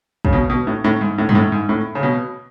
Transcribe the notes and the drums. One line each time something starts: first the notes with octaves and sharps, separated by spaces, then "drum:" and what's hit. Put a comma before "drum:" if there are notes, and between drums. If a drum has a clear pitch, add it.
C#3, drum: kick
B2
B2
A2
A2
G#2
A2
G#2, drum: tom F#2
A2
G#2
A2
C#3
B2